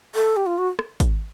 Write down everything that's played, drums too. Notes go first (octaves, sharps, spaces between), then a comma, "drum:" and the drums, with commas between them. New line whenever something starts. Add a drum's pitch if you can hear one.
A4
G4
F4
F#4
drum: rim click
drum: kick G#1, hi-hat